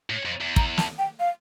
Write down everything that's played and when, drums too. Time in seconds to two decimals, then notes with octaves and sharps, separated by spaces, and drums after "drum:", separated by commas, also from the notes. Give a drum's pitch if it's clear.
0.10 A2
0.25 F2
0.41 E2
0.56 A#5, drum: kick
0.78 A5, drum: snare
0.98 G5
1.20 F5